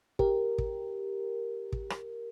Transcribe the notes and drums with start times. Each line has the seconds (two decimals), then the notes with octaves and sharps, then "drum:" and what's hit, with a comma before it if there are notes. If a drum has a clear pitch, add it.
0.19 G4 A#4, drum: kick
0.58 drum: kick
1.72 drum: kick
1.90 drum: rim click